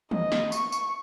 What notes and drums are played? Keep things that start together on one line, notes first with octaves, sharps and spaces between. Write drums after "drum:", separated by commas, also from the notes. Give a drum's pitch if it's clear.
D#5, drum: tom
drum: snare
C#6, drum: tambourine
drum: tambourine